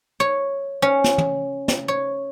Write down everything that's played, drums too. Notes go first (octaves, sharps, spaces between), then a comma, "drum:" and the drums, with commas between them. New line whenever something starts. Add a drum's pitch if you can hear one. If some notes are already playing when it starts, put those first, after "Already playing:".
C#5
C#4
drum: snare
drum: tom
drum: snare
C#5